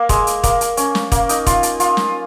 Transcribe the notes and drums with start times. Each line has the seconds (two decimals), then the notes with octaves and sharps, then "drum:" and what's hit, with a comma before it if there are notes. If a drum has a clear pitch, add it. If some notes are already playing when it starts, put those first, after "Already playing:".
Already playing: A#3
0.09 G#3, drum: kick E1, hi-hat
0.27 drum: hi-hat
0.44 A#3, drum: kick E1, hi-hat
0.61 drum: hi-hat
0.77 C#4, drum: hi-hat
0.95 drum: snare
1.12 A#3, drum: kick E1, hi-hat
1.29 D#4, drum: hi-hat
1.46 F4, drum: kick E1, hi-hat
1.63 drum: hi-hat
1.80 F4, drum: hi-hat
1.97 drum: snare